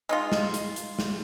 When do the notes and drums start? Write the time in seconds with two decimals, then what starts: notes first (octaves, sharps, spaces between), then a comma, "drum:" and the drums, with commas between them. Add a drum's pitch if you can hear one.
0.09 G#3 D#4 F4
0.32 drum: snare
0.54 drum: hi-hat
0.76 drum: hi-hat
0.99 drum: snare